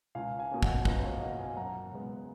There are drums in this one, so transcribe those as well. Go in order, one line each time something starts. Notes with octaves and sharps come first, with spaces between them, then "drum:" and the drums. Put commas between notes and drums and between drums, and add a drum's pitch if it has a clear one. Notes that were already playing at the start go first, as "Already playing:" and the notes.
C#2 F5 G#5
F5 G#5
B2 A#3 C#4
D#5 F#5, drum: kick
C#2 B4 D#5, drum: kick
C#5 F5
B2 A#3 C#4 D#5 F#5
F5 G#5
F#2 F#5 A#5
C#3 G#3 B3